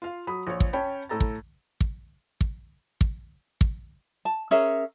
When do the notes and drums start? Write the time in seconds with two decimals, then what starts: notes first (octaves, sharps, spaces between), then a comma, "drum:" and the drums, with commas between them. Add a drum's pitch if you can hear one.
0.02 F4 F5
0.27 F#3 B5 D#6
0.47 A#1 C#5
0.60 drum: kick
0.73 C#4 C#5 G5 A5 B5
1.09 A2 A4 A#5 A6
1.20 drum: kick
1.81 drum: kick
2.41 drum: kick
3.01 drum: kick
3.61 drum: kick
4.25 A5
4.51 C#4 G#4 A#4 E5